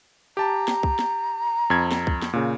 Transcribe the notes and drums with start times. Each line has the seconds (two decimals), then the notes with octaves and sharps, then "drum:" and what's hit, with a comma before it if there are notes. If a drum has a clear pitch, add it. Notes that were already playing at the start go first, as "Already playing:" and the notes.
0.37 G4 A5 A#5
0.68 drum: snare
0.83 drum: kick C2
0.99 drum: snare
1.70 F2 G#6
1.91 drum: snare
2.07 drum: kick C2
2.22 drum: snare
2.33 A#2 C#3